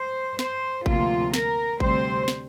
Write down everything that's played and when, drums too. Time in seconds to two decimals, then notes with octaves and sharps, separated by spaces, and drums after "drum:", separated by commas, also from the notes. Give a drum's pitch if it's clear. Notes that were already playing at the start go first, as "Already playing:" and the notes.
Already playing: C5
0.39 C5, drum: snare
0.86 D2 C3 F3 A#3 F4, drum: kick G#1
1.34 A#4, drum: snare
1.80 D2 C3 G3 C4 C5, drum: kick G#1
2.28 drum: snare